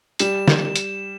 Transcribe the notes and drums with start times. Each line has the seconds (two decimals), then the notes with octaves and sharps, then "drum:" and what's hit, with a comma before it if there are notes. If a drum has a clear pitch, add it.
0.19 G3 E7, drum: hi-hat
0.48 drum: snare
0.76 drum: hi-hat